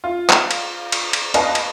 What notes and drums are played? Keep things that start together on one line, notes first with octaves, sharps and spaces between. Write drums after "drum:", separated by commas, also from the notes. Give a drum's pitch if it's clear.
F4
drum: clap
drum: cymbal
drum: cymbal
drum: cymbal
B4 D#5 F5 G#5 A5, drum: cymbal
drum: cymbal